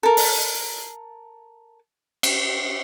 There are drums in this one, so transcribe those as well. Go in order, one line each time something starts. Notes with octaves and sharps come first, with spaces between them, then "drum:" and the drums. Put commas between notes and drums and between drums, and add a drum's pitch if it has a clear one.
A4 A#4
drum: open hi-hat
drum: cymbal